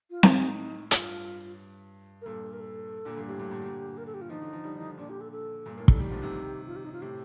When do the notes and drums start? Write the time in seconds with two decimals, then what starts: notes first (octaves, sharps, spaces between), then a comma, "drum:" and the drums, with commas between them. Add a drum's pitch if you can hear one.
0.10 F4
0.23 A2 D#4, drum: snare C4
0.91 G2 F4, drum: hi-hat
2.21 A#4
2.26 G2 A#2 A4
2.53 A#4
2.60 A4
3.05 A#2 D3
3.17 G2
3.28 A2 G4
3.39 G2 A#2
3.51 G2 A#2
3.62 A#2 D3
3.97 A#4
4.06 A4
4.14 G4
4.21 F4
4.29 D3 F3 D#4
4.42 D3 F3
4.53 D3 F3
4.64 D#3 G3
4.77 D#3
4.80 D3 F3
4.97 A#2 D3 D4
5.10 G4
5.21 A4
5.32 A4
5.66 G2 A#2
5.77 A2 A#4
5.88 D#3 G3 A4, drum: kick
5.99 D#3 G3 G4
6.10 D3 F3
6.22 C3 D#3
6.67 F4
6.76 G4
6.85 D#4
6.92 F4
7.02 A2 C3 G4